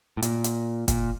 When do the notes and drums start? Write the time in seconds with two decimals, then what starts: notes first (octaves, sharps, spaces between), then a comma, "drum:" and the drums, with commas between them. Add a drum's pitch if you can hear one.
0.17 A2
0.22 A#2, drum: hi-hat
0.44 drum: hi-hat
0.88 A#2, drum: kick, hi-hat